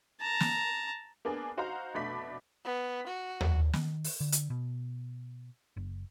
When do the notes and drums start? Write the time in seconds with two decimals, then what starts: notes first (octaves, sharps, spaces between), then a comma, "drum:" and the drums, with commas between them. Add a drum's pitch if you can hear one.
0.21 A5 A#5
0.40 drum: snare
1.25 A#3 B3 D4 G#4
1.57 D#4 F#4 C5 F5 F#5 A#5
1.94 F1 B2 A3 D4 B5 B6
2.65 B3
3.07 F#4
3.41 drum: tom D#2
3.73 D#3, drum: snare
4.04 drum: open hi-hat
4.20 D3
4.32 drum: hi-hat
4.50 B2
5.77 F#1